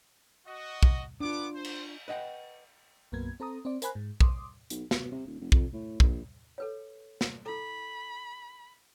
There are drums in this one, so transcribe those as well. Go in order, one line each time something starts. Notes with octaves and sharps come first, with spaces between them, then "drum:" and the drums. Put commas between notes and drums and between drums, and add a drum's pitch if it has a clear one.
F#4 D#5
drum: kick
B3 D4 F4 D6
C5
drum: cymbal
B4 D#5 E5 F#5 G5
B1 F#2 A#3 B3 G#6
C4 A4 A#5 D#6
C4 D5
A#4 C5 G#5 B5 F#6, drum: hi-hat
G#2
C6 D6 D#6, drum: kick
B1, drum: hi-hat
B2, drum: snare
C3
D#1
F1
F2, drum: kick
A2
A#1, drum: kick
A4 B4 C#5
drum: snare
E4 A4 B5